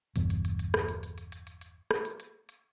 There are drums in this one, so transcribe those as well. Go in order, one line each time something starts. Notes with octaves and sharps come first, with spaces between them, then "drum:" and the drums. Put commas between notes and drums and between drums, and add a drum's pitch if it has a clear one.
G1 E2 G2 B2, drum: hi-hat
drum: hi-hat
drum: hi-hat
drum: hi-hat
drum: rim click
drum: hi-hat
drum: hi-hat
drum: hi-hat
drum: hi-hat
drum: hi-hat
drum: hi-hat
drum: rim click
drum: hi-hat
drum: hi-hat
drum: hi-hat